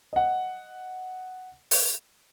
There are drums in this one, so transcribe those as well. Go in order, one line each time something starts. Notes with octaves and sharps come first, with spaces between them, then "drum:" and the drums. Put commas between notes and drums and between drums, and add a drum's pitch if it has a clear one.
D#5 F#5
drum: open hi-hat